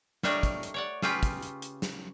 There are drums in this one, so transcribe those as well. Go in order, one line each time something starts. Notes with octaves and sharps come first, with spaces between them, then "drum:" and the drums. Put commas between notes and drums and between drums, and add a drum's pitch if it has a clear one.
G3 A3 D4 A#4 C#5 D#5, drum: snare
drum: kick, hi-hat
drum: hi-hat
C#5 D5 F#5
C#3 C#4 F4 G4 B4 G5, drum: snare
drum: kick, hi-hat
drum: hi-hat
drum: hi-hat
drum: snare